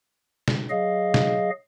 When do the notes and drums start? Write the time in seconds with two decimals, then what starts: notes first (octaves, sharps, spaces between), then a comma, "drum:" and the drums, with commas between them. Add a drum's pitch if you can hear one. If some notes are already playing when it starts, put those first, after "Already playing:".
0.48 drum: snare
0.70 F#3 G#4 D#5 F5
1.14 drum: snare